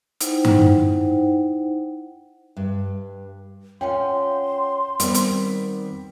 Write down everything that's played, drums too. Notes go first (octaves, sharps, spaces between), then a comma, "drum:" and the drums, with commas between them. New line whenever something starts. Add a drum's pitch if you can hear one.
D#4 E4 C5 F#5 G5, drum: hi-hat
drum: tom G2
G2
C#4 F4 F#5 G5 C6
D#3 G3 B3 C4, drum: hi-hat
drum: hi-hat